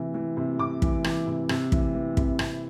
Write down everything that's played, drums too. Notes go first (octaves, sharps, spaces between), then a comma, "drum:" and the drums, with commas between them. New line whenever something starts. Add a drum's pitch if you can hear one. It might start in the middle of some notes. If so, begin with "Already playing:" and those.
Already playing: C3 E3
E3
C3
C3 D6
E3, drum: kick
E3, drum: rim click
C3
C3, drum: rim click
E3, drum: kick
E3
C3, drum: kick
C3, drum: rim click